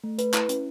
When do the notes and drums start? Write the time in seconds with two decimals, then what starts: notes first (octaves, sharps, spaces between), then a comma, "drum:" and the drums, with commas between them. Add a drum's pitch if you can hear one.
0.04 A3
0.18 B4, drum: hi-hat
0.34 E4, drum: clap
0.49 C#4, drum: hi-hat